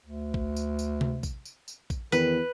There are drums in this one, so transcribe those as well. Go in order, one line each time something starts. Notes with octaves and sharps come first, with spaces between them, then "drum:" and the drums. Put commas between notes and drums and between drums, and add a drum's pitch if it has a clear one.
D2
drum: kick A#1
drum: tambourine
drum: tambourine
drum: tom C3
drum: kick A#1, tambourine
drum: tambourine
drum: tambourine
drum: kick A#1, tambourine
E2 D#3 B4, drum: tambourine